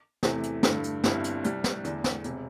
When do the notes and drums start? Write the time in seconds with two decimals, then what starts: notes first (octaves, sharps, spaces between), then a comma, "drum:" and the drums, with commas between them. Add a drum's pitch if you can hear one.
0.23 E2 C3 E3 A3, drum: snare
0.43 drum: hi-hat
0.63 G2 D3 A3 E4, drum: snare
0.84 drum: hi-hat
1.04 G1 G2 G3 C4 E4, drum: snare
1.24 drum: hi-hat
1.44 C2 C3 G3, drum: hi-hat
1.64 drum: snare
1.84 E2 D3 A3 D4, drum: hi-hat
2.04 drum: snare
2.24 E1 C3, drum: hi-hat